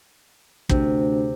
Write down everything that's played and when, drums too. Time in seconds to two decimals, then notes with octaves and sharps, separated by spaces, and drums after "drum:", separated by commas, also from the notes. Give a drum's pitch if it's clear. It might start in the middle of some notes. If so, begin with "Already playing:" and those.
0.69 D2 C3, drum: kick